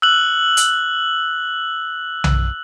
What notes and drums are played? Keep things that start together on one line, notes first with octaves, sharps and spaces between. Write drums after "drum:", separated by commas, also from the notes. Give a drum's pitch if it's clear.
E6 F#6 F#7
drum: hi-hat
drum: tom B1